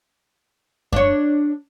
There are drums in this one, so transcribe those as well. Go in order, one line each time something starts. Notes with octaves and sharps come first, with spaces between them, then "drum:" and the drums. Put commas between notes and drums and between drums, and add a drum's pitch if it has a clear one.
D4 C#5, drum: kick F#2